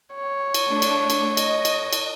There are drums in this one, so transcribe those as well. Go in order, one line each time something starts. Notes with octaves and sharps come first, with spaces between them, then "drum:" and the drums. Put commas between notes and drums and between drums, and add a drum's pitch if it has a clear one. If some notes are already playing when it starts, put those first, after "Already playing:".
C#5
drum: cymbal
A3 D4
drum: cymbal
drum: cymbal
D#5, drum: cymbal
drum: cymbal
drum: cymbal